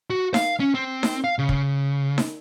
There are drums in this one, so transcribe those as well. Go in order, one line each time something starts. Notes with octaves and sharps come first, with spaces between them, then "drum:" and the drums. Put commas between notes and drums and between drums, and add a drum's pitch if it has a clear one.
F#4
F5, drum: snare D#4
C#4
C4
drum: snare D#4
F5
C#3
drum: kick
drum: snare D#4